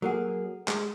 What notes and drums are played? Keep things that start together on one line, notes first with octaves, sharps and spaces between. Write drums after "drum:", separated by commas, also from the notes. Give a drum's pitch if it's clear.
F#3 A#3 G#4 A4 F#5
G#3, drum: clap